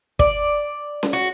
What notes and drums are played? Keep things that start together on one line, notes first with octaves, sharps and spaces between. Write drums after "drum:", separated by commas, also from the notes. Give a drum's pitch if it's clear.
D5, drum: kick
drum: snare C#4
F#4